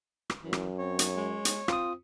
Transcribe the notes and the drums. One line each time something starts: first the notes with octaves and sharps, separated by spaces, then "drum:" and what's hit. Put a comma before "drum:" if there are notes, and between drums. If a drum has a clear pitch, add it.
drum: rim click
F#2 E3
drum: rim click
C4 C#5
drum: hi-hat
G#3
drum: hi-hat
C4 F4 D#6, drum: rim click